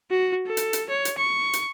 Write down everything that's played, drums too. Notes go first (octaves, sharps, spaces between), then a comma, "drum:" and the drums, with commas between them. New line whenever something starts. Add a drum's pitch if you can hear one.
F#4
A4
drum: hi-hat
drum: hi-hat
C#5
drum: hi-hat
C#6
drum: hi-hat